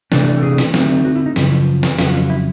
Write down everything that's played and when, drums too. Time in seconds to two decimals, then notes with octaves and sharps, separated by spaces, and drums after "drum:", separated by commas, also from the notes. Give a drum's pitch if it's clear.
0.12 C3 E3 A3 D4 A4, drum: snare
0.38 A4
0.43 G#4
0.58 drum: snare
0.74 D3 F#3 A3 C4 D#4, drum: snare
1.05 F#4
1.16 E4
1.26 D#4
1.36 F#2 C#3 F3 E4, drum: snare
1.83 drum: snare
1.99 F2 C#3 F#3 F4, drum: snare
2.06 F#4
2.14 F4
2.30 E4